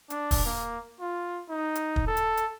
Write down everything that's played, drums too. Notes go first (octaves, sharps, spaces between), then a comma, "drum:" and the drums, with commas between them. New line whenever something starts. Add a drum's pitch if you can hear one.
D4, drum: hi-hat
drum: kick, open hi-hat
A#3
F4
D#4
drum: hi-hat
drum: kick
A4
drum: hi-hat
drum: hi-hat